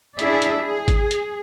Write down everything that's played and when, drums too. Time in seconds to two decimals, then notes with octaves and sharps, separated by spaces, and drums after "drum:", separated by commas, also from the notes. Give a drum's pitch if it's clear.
0.19 D4 E4 G#4 D5 E5, drum: hi-hat
0.42 drum: hi-hat
0.58 G#4
0.88 drum: kick G#1, hi-hat
1.11 drum: hi-hat